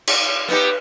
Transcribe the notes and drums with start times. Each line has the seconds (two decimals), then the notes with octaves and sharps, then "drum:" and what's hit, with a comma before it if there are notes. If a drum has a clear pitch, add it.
0.07 drum: cymbal
0.49 B3 D#4 G4 B4